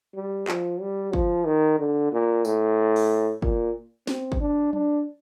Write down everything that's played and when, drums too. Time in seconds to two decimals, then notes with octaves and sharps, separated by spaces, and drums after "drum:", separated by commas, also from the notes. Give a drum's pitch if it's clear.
0.15 G3
0.48 F3, drum: clap
0.81 G3
1.13 F3, drum: kick
1.46 D#3
1.79 D3
2.12 A#2
2.45 A2, drum: tambourine
2.96 drum: open hi-hat
3.42 A#2, drum: kick
4.07 C4, drum: snare
4.32 drum: kick
4.41 D4
4.73 D4, drum: tom F#3